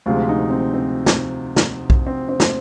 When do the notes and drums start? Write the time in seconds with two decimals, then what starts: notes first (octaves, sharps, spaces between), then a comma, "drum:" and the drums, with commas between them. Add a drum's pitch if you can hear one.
0.06 D2 C3 F3 G#3 F4
0.29 D#4
0.50 C4
0.74 C4
1.06 drum: snare
1.56 drum: snare
1.90 drum: kick B1
2.07 C4
2.29 C4
2.40 drum: snare